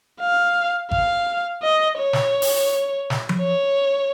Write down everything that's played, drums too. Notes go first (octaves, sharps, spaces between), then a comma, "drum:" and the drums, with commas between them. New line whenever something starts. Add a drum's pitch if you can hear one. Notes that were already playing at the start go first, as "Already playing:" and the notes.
F5
F5, drum: kick G#1
D#5
C#5
drum: snare
drum: open hi-hat
drum: snare
drum: tom F3
C#5